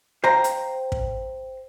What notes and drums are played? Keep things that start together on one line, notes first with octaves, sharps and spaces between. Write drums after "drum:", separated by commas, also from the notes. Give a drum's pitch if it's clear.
C5 F5 G5 A#5
drum: hi-hat
drum: kick